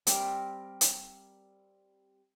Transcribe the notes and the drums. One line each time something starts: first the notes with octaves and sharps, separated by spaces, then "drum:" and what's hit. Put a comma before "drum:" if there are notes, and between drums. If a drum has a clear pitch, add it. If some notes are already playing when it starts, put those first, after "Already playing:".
G3 C4 A#4 C5, drum: hi-hat
drum: hi-hat